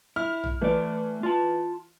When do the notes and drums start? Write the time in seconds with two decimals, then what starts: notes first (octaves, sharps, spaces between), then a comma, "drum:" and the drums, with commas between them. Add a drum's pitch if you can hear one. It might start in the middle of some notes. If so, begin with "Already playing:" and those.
0.16 E4 F6
0.44 drum: tom A#1
0.61 E3 A3 D5
1.23 F4 A5